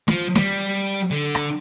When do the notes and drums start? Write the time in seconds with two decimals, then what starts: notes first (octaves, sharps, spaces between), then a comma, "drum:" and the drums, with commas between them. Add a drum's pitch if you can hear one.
0.08 F3, drum: snare
0.35 G3, drum: snare
1.11 D3
1.35 drum: rim click